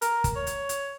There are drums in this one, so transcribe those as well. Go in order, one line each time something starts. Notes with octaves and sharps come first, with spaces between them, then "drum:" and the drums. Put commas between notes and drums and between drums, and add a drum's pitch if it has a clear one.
A#4, drum: hi-hat
drum: kick, hi-hat
C#5
drum: hi-hat
drum: hi-hat